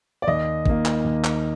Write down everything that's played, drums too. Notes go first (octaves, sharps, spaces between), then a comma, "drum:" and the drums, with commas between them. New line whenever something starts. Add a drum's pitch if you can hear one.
D5
D#2 D#5
D#3 A#3, drum: kick
drum: clap
D#2
drum: clap